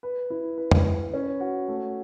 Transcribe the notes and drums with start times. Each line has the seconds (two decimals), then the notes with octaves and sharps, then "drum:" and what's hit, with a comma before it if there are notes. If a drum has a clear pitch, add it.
0.03 B4
0.30 E4
0.58 B4
0.71 drum: tom F2
0.86 B4
1.14 C#4
1.40 F#4
1.68 A3